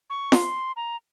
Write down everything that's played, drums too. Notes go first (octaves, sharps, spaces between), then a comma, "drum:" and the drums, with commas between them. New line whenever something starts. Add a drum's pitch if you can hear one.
C#6
C6, drum: snare
A#5